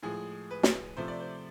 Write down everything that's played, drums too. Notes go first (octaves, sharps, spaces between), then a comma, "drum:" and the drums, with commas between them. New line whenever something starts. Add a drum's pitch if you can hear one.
A2 F3 G#3 G#4
B4
drum: snare
C3 F3 A3 C5
D5
C5